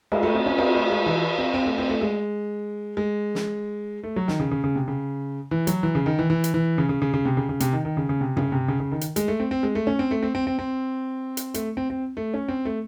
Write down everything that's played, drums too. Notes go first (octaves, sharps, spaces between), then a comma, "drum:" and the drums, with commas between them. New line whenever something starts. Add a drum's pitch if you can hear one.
G#3, drum: cymbal
A3
C4
C#4
C4, drum: cymbal
A3
G#3
E3
C4
C4
A3
C4
A3
G#3
G#3
drum: snare
A3
F#3
D#3, drum: snare
C#3
C#3
C#3
C3
C#3
E3
F#3, drum: hi-hat
E3
C#3
D#3
E3
E3
drum: hi-hat
E3
C#3
C#3
C#3
C#3
C3
C#3
C#3
C3, drum: hi-hat
D#3
D#3
C#3
C#3
C3
C#3, drum: tom G2
C3
C#3
C#3
D#3
drum: hi-hat
G#3, drum: hi-hat
A3
C4
C4
G#3
A3
C#4
C4
A3
C4
C4
C4
C4
drum: hi-hat
A3, drum: hi-hat
C4
C4
A3
C#4
C4
A3